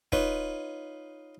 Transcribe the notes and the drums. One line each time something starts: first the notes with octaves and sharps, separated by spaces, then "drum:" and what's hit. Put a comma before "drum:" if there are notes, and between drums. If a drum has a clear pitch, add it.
D#4 F4 B4 C#5, drum: kick